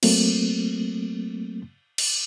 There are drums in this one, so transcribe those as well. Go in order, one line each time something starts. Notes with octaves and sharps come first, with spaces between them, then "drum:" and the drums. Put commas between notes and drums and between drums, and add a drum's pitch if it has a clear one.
F#3 A3 A#3 C4, drum: cymbal
drum: cymbal